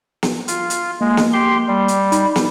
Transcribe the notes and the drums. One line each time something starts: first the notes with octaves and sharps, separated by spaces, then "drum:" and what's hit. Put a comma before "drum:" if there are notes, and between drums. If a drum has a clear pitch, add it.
drum: snare
F4, drum: hi-hat
drum: hi-hat
G#3 A#3
drum: snare
G4 C6
G3
drum: hi-hat
D#4 B5, drum: hi-hat
drum: snare